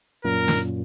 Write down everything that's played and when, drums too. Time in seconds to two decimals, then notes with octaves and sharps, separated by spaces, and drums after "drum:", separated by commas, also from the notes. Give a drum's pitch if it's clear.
0.25 F#2 A#2 A#4
0.48 drum: snare